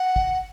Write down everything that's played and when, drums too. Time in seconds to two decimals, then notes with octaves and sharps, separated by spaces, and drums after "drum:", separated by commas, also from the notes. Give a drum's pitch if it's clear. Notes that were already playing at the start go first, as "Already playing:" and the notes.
Already playing: F#5
0.16 drum: kick